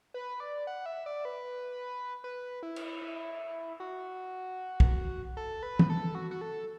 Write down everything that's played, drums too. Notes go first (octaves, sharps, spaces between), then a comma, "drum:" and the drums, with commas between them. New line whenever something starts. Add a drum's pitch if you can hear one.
B4
D5
F#5
E5
D5
B4
B4
E4
drum: cymbal
E4
F#4
drum: kick
A4
B4
drum: tom
A4
F#4
F#4
A4